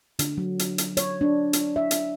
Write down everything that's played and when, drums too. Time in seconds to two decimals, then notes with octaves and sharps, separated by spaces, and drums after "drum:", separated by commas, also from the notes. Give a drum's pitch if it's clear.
0.19 D3, drum: hi-hat
0.38 F#3
0.59 drum: hi-hat
0.78 drum: hi-hat
0.97 C#5, drum: hi-hat
1.21 D4
1.53 drum: hi-hat
1.76 E5
1.91 drum: hi-hat